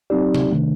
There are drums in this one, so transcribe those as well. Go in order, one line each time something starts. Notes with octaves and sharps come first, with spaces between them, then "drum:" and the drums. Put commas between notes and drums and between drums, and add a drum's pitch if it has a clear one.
F#3 C4 D#4 G4 D5
drum: tom C3
C3 D#3 A3 D4